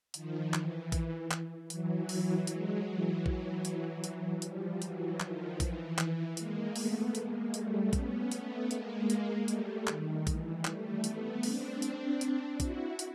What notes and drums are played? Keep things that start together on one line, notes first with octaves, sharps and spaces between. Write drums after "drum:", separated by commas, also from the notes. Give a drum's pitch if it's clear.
D#3 F3, drum: hi-hat
E3, drum: clap
drum: kick A#1, hi-hat
drum: clap
E3 F#3, drum: hi-hat
drum: open hi-hat
F#3 G#3, drum: hi-hat
E3 F#3
E3 F#3, drum: kick A#1
drum: hi-hat
drum: hi-hat
F3 G3, drum: hi-hat
E3 F#3, drum: hi-hat
D#3 F3, drum: clap
E3, drum: kick A#1, hi-hat
drum: clap
G#3 A#3, drum: hi-hat
A3 B3, drum: open hi-hat
G#3 A#3, drum: hi-hat
G3 A3, drum: hi-hat
B3 C#4, drum: kick A#1, hi-hat
A3 B3, drum: hi-hat
G#3 A#3, drum: hi-hat
drum: hi-hat
G3 A3, drum: hi-hat
D#3, drum: clap
E3, drum: kick A#1, hi-hat
G3 A3, drum: clap
A3 B3, drum: hi-hat
C4 D4, drum: open hi-hat
drum: hi-hat
drum: hi-hat
E4 F#4, drum: kick A#1, hi-hat
drum: hi-hat